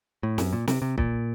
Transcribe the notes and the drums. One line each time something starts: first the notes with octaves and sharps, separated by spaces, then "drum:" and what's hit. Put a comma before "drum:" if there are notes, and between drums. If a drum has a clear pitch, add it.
A2
F#2, drum: snare
A#2
C3, drum: snare
C3
A#2, drum: kick B1